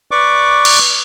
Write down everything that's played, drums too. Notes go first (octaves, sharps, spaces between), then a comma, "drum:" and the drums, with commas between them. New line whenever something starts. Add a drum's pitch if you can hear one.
B4 D5 C#6 D6
drum: cymbal